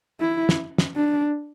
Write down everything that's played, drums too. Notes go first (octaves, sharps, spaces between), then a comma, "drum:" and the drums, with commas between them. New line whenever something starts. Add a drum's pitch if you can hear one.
E4
drum: snare
drum: snare
D4